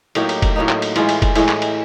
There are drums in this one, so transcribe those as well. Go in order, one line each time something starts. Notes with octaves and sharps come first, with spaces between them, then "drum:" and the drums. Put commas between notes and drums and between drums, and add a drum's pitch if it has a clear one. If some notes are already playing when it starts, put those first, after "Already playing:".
A2 F#3 A#3 D#4 G4, drum: cymbal
drum: cymbal
drum: kick F1, cymbal
A2 F#3 A#3 D#4
drum: clap
drum: cymbal
A2 E3 G#3 F4, drum: cymbal
drum: cymbal
drum: kick F1, cymbal
A2 E3 G#3, drum: cymbal
drum: clap
drum: cymbal